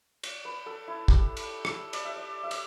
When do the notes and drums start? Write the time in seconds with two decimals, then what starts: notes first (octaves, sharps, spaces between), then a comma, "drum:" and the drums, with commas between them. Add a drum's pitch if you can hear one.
0.23 D5, drum: cymbal
0.45 B4
0.66 A4
0.88 E4
1.08 G4, drum: kick
1.37 drum: cymbal
1.65 drum: rim click
1.93 D5, drum: cymbal
2.05 E5
2.16 D5
2.43 E5
2.51 D5, drum: cymbal